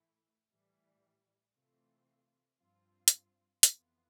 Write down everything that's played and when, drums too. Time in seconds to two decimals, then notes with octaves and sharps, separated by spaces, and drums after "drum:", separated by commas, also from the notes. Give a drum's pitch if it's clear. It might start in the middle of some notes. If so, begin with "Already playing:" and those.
Already playing: A2 E3 A3 E4
0.51 A2 E3 G3
1.55 C3 E3 A3 C4 F4
2.60 G2 F3 C4 F4
3.08 drum: hi-hat
3.63 F2 E3 B3 F4, drum: hi-hat